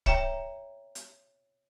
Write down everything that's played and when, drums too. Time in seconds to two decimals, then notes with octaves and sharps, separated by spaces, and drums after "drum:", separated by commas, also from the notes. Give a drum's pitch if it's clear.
0.06 C#5 E5 G5 A#5, drum: kick
0.95 drum: hi-hat